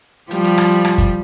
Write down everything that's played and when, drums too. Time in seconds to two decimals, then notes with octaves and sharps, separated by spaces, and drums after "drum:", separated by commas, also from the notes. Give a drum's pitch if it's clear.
0.31 F3 G3 G4, drum: hi-hat
0.44 drum: hi-hat
0.58 drum: rim click
0.71 drum: hi-hat
0.85 drum: rim click
0.98 drum: kick, hi-hat